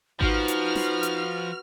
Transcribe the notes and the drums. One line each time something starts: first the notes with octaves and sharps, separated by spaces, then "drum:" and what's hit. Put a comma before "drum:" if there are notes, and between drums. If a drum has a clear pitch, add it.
F3 D#4 F#4 B4 F6, drum: kick G#1
drum: hi-hat
drum: snare
drum: hi-hat